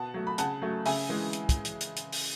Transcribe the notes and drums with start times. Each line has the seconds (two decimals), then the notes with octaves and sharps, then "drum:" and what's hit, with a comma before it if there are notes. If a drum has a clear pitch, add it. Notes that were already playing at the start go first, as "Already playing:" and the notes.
Already playing: B2 F#5 A5
0.14 F#3 A3
0.27 B5
0.38 C#3 F#5 A5, drum: hi-hat
0.62 F#3 A3
0.86 C#3 E5 G#5, drum: open hi-hat
1.09 E3 G#3
1.33 drum: hi-hat
1.49 drum: kick, hi-hat
1.65 drum: hi-hat
1.81 drum: hi-hat
1.97 drum: hi-hat
2.12 drum: open hi-hat